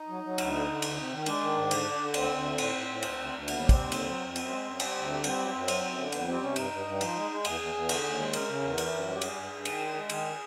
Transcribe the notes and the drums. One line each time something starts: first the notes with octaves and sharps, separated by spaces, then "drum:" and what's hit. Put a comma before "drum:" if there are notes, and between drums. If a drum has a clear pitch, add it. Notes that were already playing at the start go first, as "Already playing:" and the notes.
Already playing: D#4
F#3
F#3
D2, drum: cymbal
D3
D3
D2, drum: cymbal
C3
D#3
G#3 D4, drum: cymbal
D#3
G#2
D3, drum: cymbal
D3
D3
D2 C4, drum: cymbal
D2
D3
A2, drum: cymbal
A2
A2
D2, drum: cymbal
D2
D2
D#2 B3, drum: cymbal
G3
C4, drum: kick, cymbal
D#2
D3, drum: cymbal
F#3
F2
F#2 C4, drum: cymbal
G#3
F#2
G3, drum: cymbal
D2
G3
G3 C4, drum: cymbal
F#2
F#2
F#3, drum: cymbal
F#2
D3
F2 B3, drum: cymbal
G3 C4
C3 C#4
G2 D#4, drum: cymbal
G2
G2
F3, drum: cymbal
G#3
G#3
E2 G#4, drum: cymbal
E2
E2
D3, drum: cymbal
D#2
G#3
C#3 A#4, drum: cymbal
C#3
E2
E3, drum: cymbal
F#2
G3
G4
G3 G#4, drum: cymbal
G2
G2
D#3, drum: cymbal
G#3
G#3
D#3 G#4, drum: cymbal